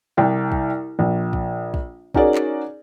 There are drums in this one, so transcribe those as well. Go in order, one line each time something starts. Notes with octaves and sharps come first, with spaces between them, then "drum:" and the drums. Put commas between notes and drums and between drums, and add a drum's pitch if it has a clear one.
C2 G5
drum: kick
A#1
drum: kick
drum: kick
C#4 D#4 F#4 G#4 A#4 D5, drum: kick
drum: clap